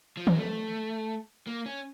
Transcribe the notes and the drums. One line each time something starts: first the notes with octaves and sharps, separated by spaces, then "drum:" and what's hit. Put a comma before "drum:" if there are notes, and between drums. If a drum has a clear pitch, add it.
F3
F#3, drum: tom D#3
A3
A#3
C#4